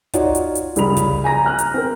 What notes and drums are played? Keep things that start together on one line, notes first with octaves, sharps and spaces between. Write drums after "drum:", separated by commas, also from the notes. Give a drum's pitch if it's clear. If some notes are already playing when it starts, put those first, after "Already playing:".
D#4 F4 F#4 C#5 D5, drum: kick, hi-hat
drum: hi-hat
drum: hi-hat
C2 C#3 F3 B5 F7, drum: hi-hat
drum: kick, hi-hat
G#5 A#5 A#6
G#5 F6 F#6
drum: hi-hat
C4 A#4